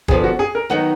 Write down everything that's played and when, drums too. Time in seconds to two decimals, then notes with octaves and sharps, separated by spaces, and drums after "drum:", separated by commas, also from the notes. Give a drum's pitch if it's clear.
0.08 D3 F3 B3 G#4, drum: kick
0.24 F#4
0.39 G#4
0.55 A#4
0.70 D#3 F#3 B3 D#4 F#5